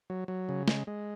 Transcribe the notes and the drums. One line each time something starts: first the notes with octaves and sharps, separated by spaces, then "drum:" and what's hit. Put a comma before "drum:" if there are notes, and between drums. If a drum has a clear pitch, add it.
F#3
F#3
C#3
G#3, drum: snare
G#3